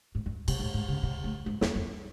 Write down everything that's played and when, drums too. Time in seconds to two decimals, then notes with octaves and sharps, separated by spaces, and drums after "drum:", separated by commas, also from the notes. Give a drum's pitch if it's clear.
0.15 G#2
0.26 F#2
0.48 C3, drum: cymbal
0.59 A2
0.74 G#2
0.88 C#3
1.03 C3
1.24 A2
1.46 G#2
1.61 E2, drum: snare
1.75 F#2